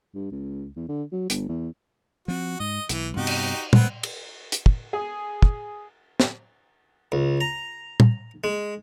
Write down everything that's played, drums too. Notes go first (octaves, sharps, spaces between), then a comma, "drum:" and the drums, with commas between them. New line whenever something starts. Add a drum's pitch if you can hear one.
G2
C#2
E2
D3
F#3
G1, drum: hi-hat
E2
F3 C4 F#4
G#2 D#5
B1 E3, drum: hi-hat
G2 C3 B3 D#4 F#4 G4
drum: cymbal
E1 G#3 A3 B3 C4, drum: tom
drum: cymbal
drum: hi-hat
drum: kick
G#4
drum: kick
drum: snare
C#2
A#5
drum: tom
G#3